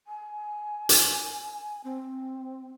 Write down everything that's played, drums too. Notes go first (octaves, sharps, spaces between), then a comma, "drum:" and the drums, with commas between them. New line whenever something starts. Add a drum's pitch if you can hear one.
G#5
drum: hi-hat
C4